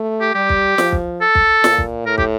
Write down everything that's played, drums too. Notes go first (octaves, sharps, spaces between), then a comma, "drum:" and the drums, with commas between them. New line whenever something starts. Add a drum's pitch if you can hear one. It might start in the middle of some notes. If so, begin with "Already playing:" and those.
Already playing: A3
G4
G3 G4
drum: kick
F3, drum: snare
drum: kick
A4
drum: kick
A#2, drum: snare
drum: kick
A2 A#4
G4, drum: kick